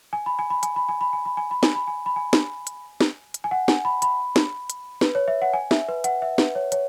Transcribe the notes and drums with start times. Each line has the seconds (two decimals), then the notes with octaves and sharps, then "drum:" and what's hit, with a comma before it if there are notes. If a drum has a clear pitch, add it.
0.13 G#5
0.26 B5
0.39 G#5
0.50 B5
0.63 G#5, drum: hi-hat
0.76 B5
0.89 G#5
1.01 B5
1.13 G#5
1.26 B5
1.37 G#5
1.51 B5
1.63 G#5, drum: snare
1.75 B5
1.88 G#5
2.06 B5
2.16 G#5
2.33 drum: snare
2.67 drum: hi-hat
3.01 drum: snare
3.34 drum: hi-hat
3.44 G#5
3.51 F#5
3.68 G#5, drum: snare
3.85 B5
4.02 B5, drum: hi-hat
4.36 drum: snare
4.70 drum: hi-hat
5.01 B4, drum: snare
5.15 C#5
5.28 E5
5.42 F#5
5.53 G#5
5.71 E5, drum: snare
5.88 B4
6.04 F#5, drum: hi-hat
6.22 E5
6.38 B4, drum: snare
6.55 C#5
6.72 C#5, drum: hi-hat